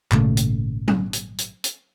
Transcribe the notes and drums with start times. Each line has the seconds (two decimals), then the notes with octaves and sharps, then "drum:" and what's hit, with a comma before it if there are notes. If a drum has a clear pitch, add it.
0.12 G#1 A#2 C#3 A3, drum: clap
0.37 drum: hi-hat
0.88 drum: tom F#3
1.13 drum: hi-hat
1.38 drum: hi-hat
1.64 drum: hi-hat